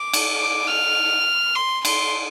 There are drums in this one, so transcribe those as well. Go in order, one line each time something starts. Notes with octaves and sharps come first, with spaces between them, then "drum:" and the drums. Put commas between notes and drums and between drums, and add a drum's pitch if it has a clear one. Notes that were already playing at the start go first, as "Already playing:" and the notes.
Already playing: D6
drum: cymbal
D6
F6
C6
C6, drum: cymbal